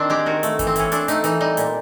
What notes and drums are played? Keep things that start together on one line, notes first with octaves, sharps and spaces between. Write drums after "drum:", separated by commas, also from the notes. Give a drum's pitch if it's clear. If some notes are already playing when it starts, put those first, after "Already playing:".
Already playing: D#3 C4 D4
G#3 G4
D#3 F#4
A3, drum: hi-hat
E3, drum: kick G1, hi-hat
C4
E3 C#4, drum: hi-hat
C4 D4, drum: hi-hat
A3 D#4, drum: hi-hat
E3 D#4, drum: hi-hat
G3 D#4
A#2, drum: hi-hat